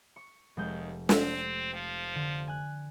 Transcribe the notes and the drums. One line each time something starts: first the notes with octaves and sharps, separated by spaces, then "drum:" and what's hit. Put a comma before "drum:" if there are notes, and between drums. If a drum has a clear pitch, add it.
C#6
F1 D#2 G#3 G6
A3 C4, drum: snare
F3
D3
G#5 F#6